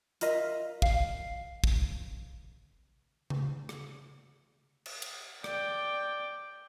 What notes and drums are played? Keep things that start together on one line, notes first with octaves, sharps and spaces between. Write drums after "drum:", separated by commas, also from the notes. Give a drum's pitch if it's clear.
F4 A#4 D#5 E5, drum: hi-hat
F5, drum: kick
drum: kick
drum: tom C#3
drum: rim click
drum: cymbal
drum: cymbal
D5 G5, drum: rim click